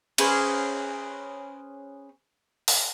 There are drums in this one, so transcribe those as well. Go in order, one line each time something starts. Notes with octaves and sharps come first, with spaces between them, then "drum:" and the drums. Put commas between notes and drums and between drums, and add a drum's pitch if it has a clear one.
C#4 G#4 B4 C5, drum: cymbal
drum: open hi-hat